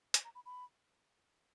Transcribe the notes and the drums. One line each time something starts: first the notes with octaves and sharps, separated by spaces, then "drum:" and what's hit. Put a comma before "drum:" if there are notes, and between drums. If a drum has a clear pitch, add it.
G#5, drum: hi-hat
A#5
B5
B5